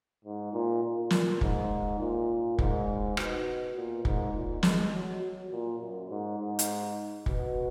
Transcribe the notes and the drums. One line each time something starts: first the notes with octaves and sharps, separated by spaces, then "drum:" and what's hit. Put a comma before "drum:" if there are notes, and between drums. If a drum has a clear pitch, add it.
G#2
A#2
A#2
drum: snare
G#2, drum: kick
A#2
G#2, drum: kick
B2, drum: rim click
A#2
G#2, drum: kick
A#2
G#3, drum: snare
F#3
F#3
A#2
F#2
G#2
G#2
drum: hi-hat
B2, drum: kick